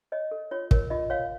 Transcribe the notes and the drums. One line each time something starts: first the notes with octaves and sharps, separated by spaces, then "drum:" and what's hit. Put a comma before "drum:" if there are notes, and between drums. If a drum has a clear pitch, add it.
C#5 D#5
A4
F4 C#5
A#4 C#5, drum: kick
F4 D#5
C#5 F5